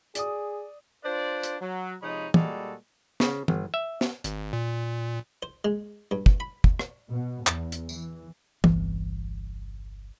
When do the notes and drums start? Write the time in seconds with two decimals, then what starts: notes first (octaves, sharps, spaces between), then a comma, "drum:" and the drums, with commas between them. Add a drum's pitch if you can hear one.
0.15 G#4 D5 D#6, drum: hi-hat
1.04 D4 F4 B4 C5 D5
1.43 drum: hi-hat
1.61 F#3
2.02 C3 F3 G#3 D#4 C#5 B5
2.34 A#2 G3 G#3 A#3 F#4 A4, drum: tom
3.20 C#3, drum: snare
3.48 G1, drum: tom E3
3.74 E5
4.01 drum: snare
4.24 G#1, drum: hi-hat
4.53 A#2
5.43 C5
5.65 G#3
6.11 G2
6.26 drum: kick
6.40 B5
6.64 drum: kick
6.79 drum: rim click
7.10 B2
7.47 E2, drum: clap
7.72 drum: hi-hat
7.89 E3, drum: tambourine
8.64 G1 C2 E3, drum: tom